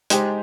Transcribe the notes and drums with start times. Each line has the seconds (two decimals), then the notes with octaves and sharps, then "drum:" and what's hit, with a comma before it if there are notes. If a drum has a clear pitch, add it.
0.10 G#3 D#4 G4 C5, drum: hi-hat